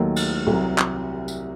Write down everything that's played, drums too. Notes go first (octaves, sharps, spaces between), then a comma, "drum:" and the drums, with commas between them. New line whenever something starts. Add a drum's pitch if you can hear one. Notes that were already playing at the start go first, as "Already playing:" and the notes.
Already playing: D#2 D#3 F#3 A3
drum: cymbal
C2 C3 F#3
drum: clap
drum: tambourine